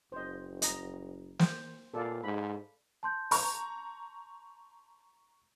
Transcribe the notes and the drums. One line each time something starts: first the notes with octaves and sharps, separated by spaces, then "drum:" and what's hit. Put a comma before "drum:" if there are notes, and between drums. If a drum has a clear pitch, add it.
F#1 C5 D#5
D#5 A#5, drum: hi-hat
C5, drum: snare
A#2 A4 D5 F5
G#2 B5
A5 C6 G6
A#5 C#6, drum: open hi-hat